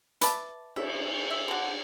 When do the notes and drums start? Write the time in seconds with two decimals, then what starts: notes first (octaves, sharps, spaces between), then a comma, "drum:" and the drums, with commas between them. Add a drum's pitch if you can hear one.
0.21 B4 D5 E5 A5, drum: hi-hat
0.76 E5, drum: cymbal
1.30 E5
1.48 D3 F#4